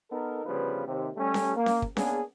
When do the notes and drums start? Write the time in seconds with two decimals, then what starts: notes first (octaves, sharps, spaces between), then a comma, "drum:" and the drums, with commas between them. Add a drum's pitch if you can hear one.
0.11 B3 D#4 A4 A#4
0.45 D2 C#3 F3 G3 B3 B4
0.86 D#2 C3
1.16 G3 A3 C#4
1.34 drum: snare C#4
1.56 A#3
1.66 drum: snare C#4
1.82 drum: kick
1.97 A#3 B3 C#4 D4 G#4, drum: snare C#4